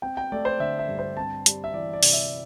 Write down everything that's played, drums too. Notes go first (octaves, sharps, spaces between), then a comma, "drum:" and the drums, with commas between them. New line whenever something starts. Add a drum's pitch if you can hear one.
C4 G5
G5
A3 D5
C5
D3 E5
E5
G2
C5
C4 A5
G3, drum: hi-hat
E5
E3 D5
D5
C3, drum: open hi-hat
E5